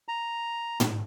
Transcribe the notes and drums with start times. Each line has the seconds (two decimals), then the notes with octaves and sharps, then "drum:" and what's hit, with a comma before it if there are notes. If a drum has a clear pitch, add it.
0.08 A#5
0.80 drum: tom